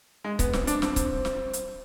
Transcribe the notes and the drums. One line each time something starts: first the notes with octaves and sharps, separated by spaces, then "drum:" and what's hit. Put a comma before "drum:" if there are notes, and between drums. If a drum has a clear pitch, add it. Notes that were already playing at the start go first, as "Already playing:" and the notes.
G#3
B3, drum: kick C#1, hi-hat
C4, drum: snare
D4, drum: hi-hat
C4, drum: snare
drum: kick C#1, hi-hat
drum: snare
drum: hi-hat